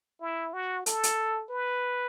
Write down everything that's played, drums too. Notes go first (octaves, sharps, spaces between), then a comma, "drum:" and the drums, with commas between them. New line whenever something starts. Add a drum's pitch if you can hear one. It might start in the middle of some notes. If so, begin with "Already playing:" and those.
E4
F#4
A4, drum: hi-hat
drum: hi-hat
B4